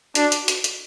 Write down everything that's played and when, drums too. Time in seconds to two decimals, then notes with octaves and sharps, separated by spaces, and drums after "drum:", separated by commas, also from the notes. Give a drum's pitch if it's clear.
0.15 D4 F#4, drum: hi-hat
0.32 drum: hi-hat
0.48 drum: hi-hat
0.64 drum: hi-hat